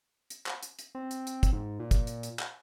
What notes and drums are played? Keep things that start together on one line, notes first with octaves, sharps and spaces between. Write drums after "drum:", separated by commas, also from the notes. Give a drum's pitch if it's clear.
drum: hi-hat
drum: clap
drum: hi-hat
drum: hi-hat
C4
drum: hi-hat
drum: hi-hat
drum: kick, hi-hat
G#2
A#2
drum: kick, hi-hat
drum: hi-hat
drum: hi-hat
drum: clap